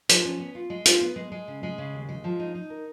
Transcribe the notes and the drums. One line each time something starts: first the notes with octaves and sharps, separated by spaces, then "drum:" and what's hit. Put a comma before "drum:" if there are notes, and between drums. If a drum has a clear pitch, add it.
F3, drum: hi-hat
C#4
B3
F4
G#3
F4, drum: hi-hat
B3
G#3
G#3
C#3
G#3
C#3
D#2
G#3
F3
D#4
D#4
A#4